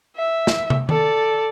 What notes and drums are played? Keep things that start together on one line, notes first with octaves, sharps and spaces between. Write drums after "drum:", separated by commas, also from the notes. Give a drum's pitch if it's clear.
E5
drum: snare
drum: tom
A4 D5, drum: tom D#3